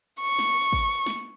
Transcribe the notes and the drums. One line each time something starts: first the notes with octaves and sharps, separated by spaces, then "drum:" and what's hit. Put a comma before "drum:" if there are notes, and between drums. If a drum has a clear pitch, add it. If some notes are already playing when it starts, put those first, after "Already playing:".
C#6
drum: snare
drum: kick
drum: snare